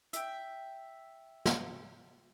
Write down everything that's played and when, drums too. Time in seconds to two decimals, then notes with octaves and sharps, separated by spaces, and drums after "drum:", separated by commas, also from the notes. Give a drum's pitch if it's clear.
0.13 E5 G5, drum: hi-hat
1.45 drum: snare